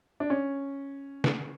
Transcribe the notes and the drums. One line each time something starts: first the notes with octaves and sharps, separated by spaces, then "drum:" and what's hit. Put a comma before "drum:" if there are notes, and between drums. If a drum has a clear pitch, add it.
D4
C#4
drum: snare